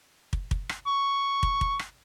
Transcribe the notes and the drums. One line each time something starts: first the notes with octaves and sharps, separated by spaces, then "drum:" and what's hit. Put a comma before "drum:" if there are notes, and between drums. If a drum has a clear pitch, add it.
drum: kick
drum: kick
drum: rim click
C#6
drum: kick
drum: kick
drum: rim click